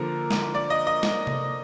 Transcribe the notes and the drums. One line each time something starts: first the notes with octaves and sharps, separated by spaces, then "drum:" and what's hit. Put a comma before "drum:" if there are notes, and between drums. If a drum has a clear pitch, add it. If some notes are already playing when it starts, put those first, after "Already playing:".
Already playing: D3 F3 A#3 A#4
drum: snare
D5
D#5
D#5
drum: snare
drum: tom C3